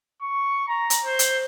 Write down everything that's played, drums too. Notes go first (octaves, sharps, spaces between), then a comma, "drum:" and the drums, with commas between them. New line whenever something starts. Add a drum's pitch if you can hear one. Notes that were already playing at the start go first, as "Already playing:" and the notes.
C#6
A#5
drum: hi-hat
C5
drum: hi-hat